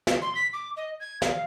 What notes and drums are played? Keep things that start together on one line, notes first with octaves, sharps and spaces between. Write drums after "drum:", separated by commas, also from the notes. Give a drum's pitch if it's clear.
drum: snare
C6
B6
D6
D#5
G#6
F5, drum: snare